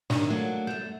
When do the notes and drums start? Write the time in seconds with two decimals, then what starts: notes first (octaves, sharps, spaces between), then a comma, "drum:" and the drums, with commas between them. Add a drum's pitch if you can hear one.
0.10 C3 D#3 D4, drum: snare
0.30 F#3 A3 A#3 D4
0.67 F#2 A3 G6